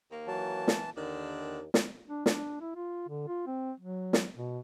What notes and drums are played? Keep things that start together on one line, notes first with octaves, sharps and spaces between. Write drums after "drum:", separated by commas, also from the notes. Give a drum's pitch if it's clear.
D#2 A#3
E3 F#3 A5
drum: snare
D#2 D3 D#3 D4
drum: snare
D4
D4, drum: snare
E4
F4
D3
F4
C4
F#3
drum: snare
B2